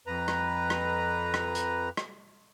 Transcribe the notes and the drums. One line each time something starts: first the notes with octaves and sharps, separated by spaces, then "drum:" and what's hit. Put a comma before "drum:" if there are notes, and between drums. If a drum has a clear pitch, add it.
F2 B4 A#5
drum: rim click
drum: rim click
drum: rim click
drum: hi-hat
drum: rim click